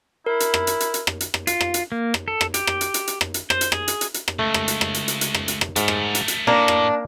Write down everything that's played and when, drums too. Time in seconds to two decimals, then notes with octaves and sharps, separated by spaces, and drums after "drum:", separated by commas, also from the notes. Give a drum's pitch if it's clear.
0.26 E4 A#4
0.40 drum: hi-hat
0.54 drum: rim click
0.67 drum: hi-hat
0.80 drum: hi-hat
0.94 drum: hi-hat
1.07 drum: rim click
1.20 drum: hi-hat
1.34 drum: rim click
1.47 F4, drum: hi-hat
1.61 drum: rim click
1.74 drum: hi-hat
1.92 A#3
2.14 drum: rim click
2.28 A4
2.41 drum: rim click
2.54 G4, drum: hi-hat
2.67 drum: rim click
2.81 drum: hi-hat
2.94 drum: hi-hat
3.07 drum: hi-hat
3.21 drum: rim click
3.34 drum: hi-hat
3.50 C5, drum: rim click
3.61 drum: hi-hat
3.72 G#4, drum: rim click
3.88 drum: hi-hat
4.01 drum: hi-hat
4.14 drum: hi-hat
4.28 drum: rim click
4.39 C#2 A3
4.54 drum: rim click
4.68 drum: hi-hat
4.81 drum: rim click
4.94 drum: hi-hat
5.08 drum: hi-hat
5.21 drum: hi-hat
5.35 drum: rim click
5.48 drum: hi-hat
5.61 drum: rim click
5.76 G#2 A3 A#4, drum: hi-hat
5.88 drum: rim click
6.15 drum: hi-hat
6.28 drum: hi-hat
6.47 A2 A#3 D4 A5 A#5
6.68 drum: rim click